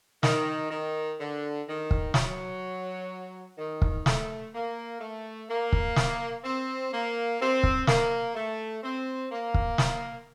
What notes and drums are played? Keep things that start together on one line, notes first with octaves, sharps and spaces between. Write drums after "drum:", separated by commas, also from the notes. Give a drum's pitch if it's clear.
D#3, drum: snare
D#3
D3
D#3
drum: kick
F#3, drum: snare
D#3
drum: kick
A3, drum: snare
A#3
A3
A#3
drum: kick
drum: snare
C4
A#3
C4
drum: kick
A#3, drum: snare
A3
C4
A#3
drum: kick
drum: snare